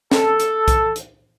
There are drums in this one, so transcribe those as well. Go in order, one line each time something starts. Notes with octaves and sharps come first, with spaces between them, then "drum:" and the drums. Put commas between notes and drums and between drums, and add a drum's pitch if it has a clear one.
A4, drum: snare
drum: hi-hat
drum: kick B1, hi-hat
drum: hi-hat